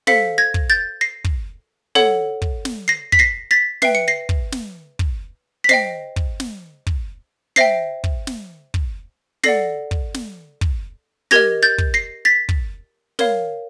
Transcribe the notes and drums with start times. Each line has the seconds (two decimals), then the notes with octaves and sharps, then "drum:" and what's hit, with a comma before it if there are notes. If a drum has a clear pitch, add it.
0.07 A4 C5 F5 B6 C#7, drum: snare
0.38 G#6 A#6
0.54 drum: kick
0.70 G6 A6
1.01 A#6 C7
1.24 drum: kick
1.95 A4 C#5 F#5, drum: snare
2.42 drum: kick
2.65 drum: snare
2.88 A#6 C7
3.12 B6, drum: kick
3.19 A#6 C7
3.51 A6 B6
3.82 B4 E5 G5 C7, drum: snare
3.95 C#7
4.08 A#6 C7
4.29 drum: kick
4.52 drum: snare
4.99 drum: kick
5.64 B6
5.69 C5 D#5 G5 A#6 C7, drum: snare
6.16 drum: kick
6.40 drum: snare
6.87 drum: kick
7.56 C5 E5 G5 A#6 C7, drum: snare
8.04 drum: kick
8.27 drum: snare
8.74 drum: kick
9.44 A4 D5 F#5 A#6 C7, drum: snare
9.91 drum: kick
10.14 drum: snare
10.61 drum: kick
11.31 G4 A#4 D#5 G#6 A#6, drum: snare
11.63 G6 A6
11.78 drum: kick
11.94 A#6 C7
12.25 A6 B6
12.49 drum: kick
13.19 A#4 C#5 F5, drum: snare